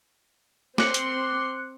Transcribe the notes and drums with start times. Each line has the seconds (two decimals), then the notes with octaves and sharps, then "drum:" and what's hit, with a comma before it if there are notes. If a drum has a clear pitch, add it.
0.78 C4 C6 D6 F#6 C#7, drum: snare
0.94 drum: hi-hat